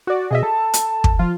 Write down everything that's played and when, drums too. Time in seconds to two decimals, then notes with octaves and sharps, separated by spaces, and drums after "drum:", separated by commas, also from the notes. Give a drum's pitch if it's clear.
0.07 F#4 D5
0.31 B2 G#4 D#5 E5
0.43 A4 A5
0.74 drum: hi-hat
1.04 drum: kick
1.19 F3 F4